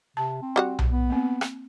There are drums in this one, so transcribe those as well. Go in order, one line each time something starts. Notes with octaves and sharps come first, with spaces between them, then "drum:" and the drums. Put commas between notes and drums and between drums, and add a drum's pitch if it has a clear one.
C3 A5
C4
G3 F#4 F#5
drum: tom B1
B3
A#3 C4
drum: rim click